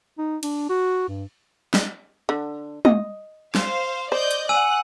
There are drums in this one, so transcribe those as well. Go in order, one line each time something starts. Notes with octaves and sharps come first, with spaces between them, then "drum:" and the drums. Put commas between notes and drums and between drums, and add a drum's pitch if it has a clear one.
D#4
D4, drum: cymbal
F#4
G2
drum: snare
D3
D#5, drum: tom
C5 F5, drum: snare
C5 D5 D#5 G6
drum: hi-hat
F#5 G#5 E6 F#6 D#7